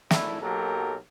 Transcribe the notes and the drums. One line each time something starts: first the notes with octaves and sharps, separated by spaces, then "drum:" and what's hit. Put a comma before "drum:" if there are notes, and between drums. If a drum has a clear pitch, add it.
G#1 A3 D4 E4, drum: snare
B1 F#3 A#3 G4 A4 A#4